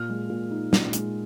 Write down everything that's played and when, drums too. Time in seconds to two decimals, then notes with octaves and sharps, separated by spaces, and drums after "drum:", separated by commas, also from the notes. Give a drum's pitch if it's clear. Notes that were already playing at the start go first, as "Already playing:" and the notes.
Already playing: A#2 F6
0.09 G#3
0.30 A#2
0.51 D#4
0.73 A#2, drum: snare
0.93 G#3, drum: hi-hat